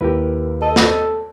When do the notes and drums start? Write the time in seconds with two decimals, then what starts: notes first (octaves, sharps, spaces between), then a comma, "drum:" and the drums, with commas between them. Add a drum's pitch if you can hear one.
0.01 D#2 E4 G4 A#4 B4
0.62 A4 D#5
0.76 drum: snare